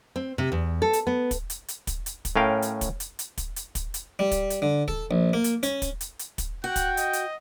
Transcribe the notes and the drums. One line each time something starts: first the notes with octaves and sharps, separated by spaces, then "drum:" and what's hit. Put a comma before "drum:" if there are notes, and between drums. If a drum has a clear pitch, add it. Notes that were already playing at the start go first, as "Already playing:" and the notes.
C4
C3
E2
A4
drum: hi-hat
B3
drum: kick, hi-hat
drum: hi-hat
drum: hi-hat
drum: kick, hi-hat
drum: hi-hat
drum: kick, hi-hat
A2 C#4 A#4 F5 G5
drum: hi-hat
drum: kick, hi-hat
drum: hi-hat
drum: hi-hat
drum: kick, hi-hat
drum: hi-hat
drum: kick, hi-hat
drum: hi-hat
G3
drum: kick, hi-hat
drum: hi-hat
D3
A4, drum: kick
A#1
A#3
drum: hi-hat
C#4, drum: hi-hat
drum: kick, hi-hat
drum: hi-hat
drum: hi-hat
drum: kick, hi-hat
F#4 G5 F#6
drum: kick, hi-hat
D#5, drum: hi-hat
drum: hi-hat